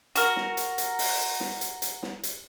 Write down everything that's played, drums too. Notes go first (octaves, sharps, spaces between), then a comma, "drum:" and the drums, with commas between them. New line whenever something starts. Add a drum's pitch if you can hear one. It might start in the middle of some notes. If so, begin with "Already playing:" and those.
F#4 A#4, drum: hi-hat
drum: snare
drum: hi-hat
drum: hi-hat
drum: open hi-hat
drum: snare
drum: hi-hat
drum: hi-hat
drum: snare
drum: hi-hat